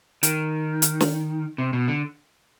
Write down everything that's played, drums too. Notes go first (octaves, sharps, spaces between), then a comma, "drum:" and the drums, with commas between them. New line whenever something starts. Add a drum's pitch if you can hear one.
D#3, drum: hi-hat
drum: hi-hat
drum: snare
C3
B2
D3